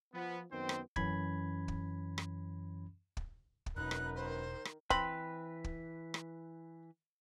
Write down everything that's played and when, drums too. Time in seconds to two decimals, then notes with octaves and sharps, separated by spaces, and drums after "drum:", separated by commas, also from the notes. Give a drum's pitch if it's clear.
0.14 F3 B3
0.52 F#2 D#3 B3 C4 C5 G5
0.69 drum: rim click
0.96 F#2 E3 C#4 B5 G#6, drum: kick
1.68 drum: kick
2.18 drum: rim click
3.17 drum: kick
3.66 drum: kick
3.76 E1 F#2 D#4 A#4 B4 F#6
3.91 drum: rim click
4.16 D#3 C5
4.65 drum: rim click
4.90 E3 C4 B4 B5, drum: kick
5.64 drum: kick
6.14 drum: rim click